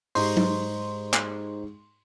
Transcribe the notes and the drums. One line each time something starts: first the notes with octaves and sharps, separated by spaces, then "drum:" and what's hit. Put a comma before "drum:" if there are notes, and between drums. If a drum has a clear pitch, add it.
G#2 G4 C5 D#5 A#5 C6 C#6, drum: open hi-hat
drum: tom F#3
drum: clap